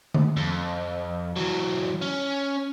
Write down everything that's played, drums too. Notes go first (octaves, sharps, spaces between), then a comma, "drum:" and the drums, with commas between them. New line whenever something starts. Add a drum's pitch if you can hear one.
drum: tom D3
F2
E3 F#3
C#4